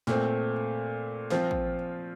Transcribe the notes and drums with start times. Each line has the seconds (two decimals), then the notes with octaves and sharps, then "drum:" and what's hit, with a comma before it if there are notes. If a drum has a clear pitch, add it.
0.07 A#2 A3 C4, drum: snare
1.30 F3 C4 F4, drum: snare
1.51 drum: kick